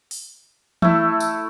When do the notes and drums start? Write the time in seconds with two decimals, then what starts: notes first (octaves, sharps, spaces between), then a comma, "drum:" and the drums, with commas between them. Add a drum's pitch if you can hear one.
0.11 drum: open hi-hat
0.82 A3 E4, drum: tom E3
1.20 drum: tambourine